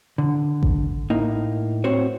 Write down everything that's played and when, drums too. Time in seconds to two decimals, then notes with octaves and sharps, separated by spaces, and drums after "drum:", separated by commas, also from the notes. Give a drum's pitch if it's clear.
0.18 D3
0.63 drum: kick A1
1.10 A2 A#3 D#4
1.84 C4 F#4 C5 C#5